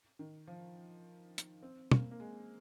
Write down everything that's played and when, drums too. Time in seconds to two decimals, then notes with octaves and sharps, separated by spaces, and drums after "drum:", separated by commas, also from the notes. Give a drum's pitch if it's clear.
0.19 D#3
0.47 F3
1.38 drum: hi-hat
1.63 C4
1.91 A#3, drum: tom
2.11 A#3
2.20 G#3